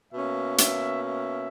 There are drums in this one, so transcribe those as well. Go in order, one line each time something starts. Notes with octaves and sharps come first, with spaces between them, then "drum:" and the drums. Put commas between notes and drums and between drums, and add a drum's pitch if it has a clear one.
B2 A#3 C#4 E5
E5, drum: hi-hat
E5